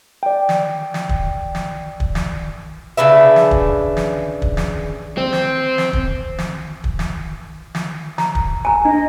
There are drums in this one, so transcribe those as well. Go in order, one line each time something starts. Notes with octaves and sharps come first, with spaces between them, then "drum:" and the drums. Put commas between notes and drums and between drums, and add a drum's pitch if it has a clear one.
D5 G5
drum: snare
drum: snare
drum: kick
drum: snare
drum: kick
drum: snare
C#3 D4 B4 E5
drum: snare
drum: kick
drum: snare
drum: kick
drum: snare
C4
drum: snare
drum: snare
drum: kick
drum: snare
drum: kick
drum: snare
drum: snare
A#5, drum: snare
drum: kick
G#5 A#5
D4 D#5